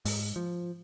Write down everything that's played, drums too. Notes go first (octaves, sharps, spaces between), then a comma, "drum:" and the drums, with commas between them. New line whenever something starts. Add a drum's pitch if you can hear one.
G#2, drum: open hi-hat
F3